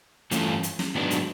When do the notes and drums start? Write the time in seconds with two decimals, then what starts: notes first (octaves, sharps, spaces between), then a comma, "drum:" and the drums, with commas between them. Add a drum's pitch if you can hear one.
0.31 G2 E3 A3 C#4 F4, drum: hi-hat
0.63 drum: hi-hat
0.79 drum: snare
0.95 G#2 D#3 F#3 B3 D4
1.11 drum: hi-hat